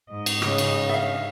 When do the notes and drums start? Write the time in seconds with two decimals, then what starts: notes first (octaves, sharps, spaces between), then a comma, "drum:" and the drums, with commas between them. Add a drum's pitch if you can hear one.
0.10 G#2 D#5
0.26 drum: cymbal
0.42 C#3, drum: rim click
0.58 drum: cymbal
0.89 E5 F5